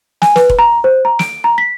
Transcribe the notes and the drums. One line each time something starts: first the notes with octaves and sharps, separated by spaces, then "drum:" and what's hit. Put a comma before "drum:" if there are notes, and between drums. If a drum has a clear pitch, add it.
G#5, drum: snare
B4, drum: snare
drum: kick E1
A#5
C5
A#5
D7, drum: snare
A#5
B6